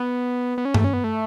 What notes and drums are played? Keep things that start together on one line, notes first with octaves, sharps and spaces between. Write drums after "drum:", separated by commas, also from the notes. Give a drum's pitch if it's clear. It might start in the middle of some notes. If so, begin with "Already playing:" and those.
Already playing: B3
B3
C#4
A3, drum: tom G2
C#4
B3
A3